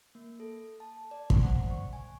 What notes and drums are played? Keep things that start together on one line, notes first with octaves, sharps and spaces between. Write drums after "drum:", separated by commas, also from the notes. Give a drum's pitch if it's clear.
A#3
A4
A5
D5
C5, drum: kick
F#5
C#6
G#5